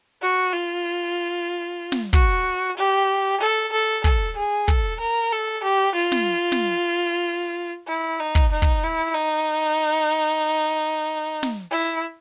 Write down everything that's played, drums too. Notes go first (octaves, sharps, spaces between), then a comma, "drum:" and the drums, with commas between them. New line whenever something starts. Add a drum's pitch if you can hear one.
F#4
F4
drum: snare
F#4, drum: kick
G4
A4
A4
A4, drum: kick
G#4
A4, drum: kick
A#4
A4
G4
F4
drum: snare
drum: snare
drum: hi-hat
E4
D#4
drum: kick
D#4
drum: kick
E4
D#4
drum: hi-hat
drum: snare
E4